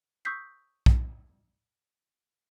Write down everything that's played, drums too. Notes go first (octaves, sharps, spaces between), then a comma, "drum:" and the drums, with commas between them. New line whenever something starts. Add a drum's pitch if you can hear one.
C#6 D#6 E6 G6 B6 C7
drum: kick B1